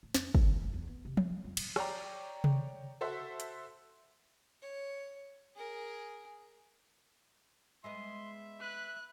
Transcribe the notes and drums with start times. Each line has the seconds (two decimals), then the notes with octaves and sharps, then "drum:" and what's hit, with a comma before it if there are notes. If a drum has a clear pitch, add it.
0.03 A2
0.15 F2, drum: snare
0.35 D#2, drum: kick
0.47 F#3
0.61 F1
0.74 E2
0.87 B3
1.05 C3
1.17 C4, drum: tom F3
1.30 G3
1.44 F2
1.57 A#2, drum: cymbal
1.76 C#5 D5 G5 A#5, drum: rim click
2.44 drum: tom C3
3.01 F#4 A4 C5 E5
3.40 drum: hi-hat
4.62 C#5
5.56 G#4 A#4
7.84 G#3 B3 D#5 E5 C6
8.60 B4 F#6